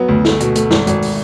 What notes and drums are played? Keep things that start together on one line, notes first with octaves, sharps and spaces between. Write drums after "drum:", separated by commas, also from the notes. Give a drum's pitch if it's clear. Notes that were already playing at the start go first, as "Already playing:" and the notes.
Already playing: F#3 B3
D2
A3, drum: snare
B2, drum: hi-hat
A3, drum: hi-hat
G#1, drum: snare
G#1, drum: hi-hat
drum: open hi-hat